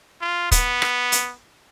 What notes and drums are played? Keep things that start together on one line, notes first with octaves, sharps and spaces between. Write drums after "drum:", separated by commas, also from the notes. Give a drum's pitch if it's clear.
F4
B3, drum: kick, hi-hat
drum: rim click
drum: hi-hat